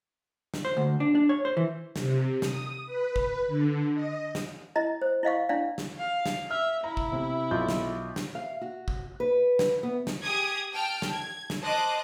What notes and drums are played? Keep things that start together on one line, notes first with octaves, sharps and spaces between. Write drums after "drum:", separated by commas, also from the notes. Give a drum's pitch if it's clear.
drum: snare
C5
D2
D4
D4
C#5
C5
E3
C3, drum: snare
D#6, drum: snare
B4
drum: kick
D3
D#5
drum: snare
E4 D#5 A#5
C5
E4 D#5 F5 C#6
D4 E4 D5 F5
drum: snare
F5
drum: snare
E5 F6
E4 A#5
drum: kick
C3
B1 F4 G6
drum: snare
drum: snare
F5
F#4
drum: kick
B4
drum: snare
B3
drum: snare
G4 G#4 D#6 G#6
G5 A5 F6
drum: snare
G#6
drum: snare
C5 D#5 A5 D6 D#6 F#6